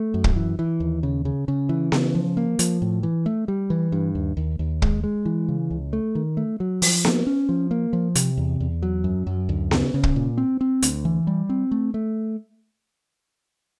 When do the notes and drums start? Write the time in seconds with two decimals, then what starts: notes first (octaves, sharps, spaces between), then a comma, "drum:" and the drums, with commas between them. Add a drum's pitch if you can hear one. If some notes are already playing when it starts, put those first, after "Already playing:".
Already playing: A3
0.14 F#2
0.24 drum: kick
0.36 E3
0.59 E3
0.80 D#2
1.03 C#3
1.25 C#3
1.48 C#3
1.69 E3
1.92 C#3, drum: snare B3
2.15 F3
2.37 A#3
2.59 F3, drum: hi-hat
2.82 A2
3.03 E3
3.26 A3
3.48 G3
3.70 E3
3.92 G2
4.15 D#2
4.37 D#2
4.59 D#2
4.82 G#3, drum: kick
5.04 G#3
5.25 E3
5.48 C#3
5.70 C#2
5.93 A3
6.15 D#3
6.37 A3
6.60 F#3
6.82 F3, drum: open hi-hat
7.05 A#3, drum: snare B3
7.27 C#4
7.49 F3
7.71 A#3
7.93 F3
8.15 C3, drum: hi-hat
8.37 E2
8.60 E2
8.82 F#3
9.04 F#2
9.27 F#2
9.49 D2
9.71 C#3, drum: snare B3
9.94 C#3
10.03 drum: kick
10.16 A#2
10.38 C4
10.61 C4
10.82 D2, drum: hi-hat
11.05 E3
11.27 G3
11.49 C4
11.71 A3
11.94 A3